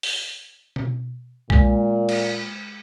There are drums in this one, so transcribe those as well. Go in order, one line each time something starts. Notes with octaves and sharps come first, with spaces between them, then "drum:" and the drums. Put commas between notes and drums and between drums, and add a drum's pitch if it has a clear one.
drum: open hi-hat
drum: tom B2
A#2 G#3, drum: kick B1
drum: cymbal